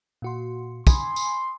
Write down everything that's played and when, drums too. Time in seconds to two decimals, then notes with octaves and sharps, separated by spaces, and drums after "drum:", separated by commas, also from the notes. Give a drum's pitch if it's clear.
0.22 A#2 F#4 C6
0.87 G#5 B5 C6 D#6, drum: kick, tambourine
1.16 drum: tambourine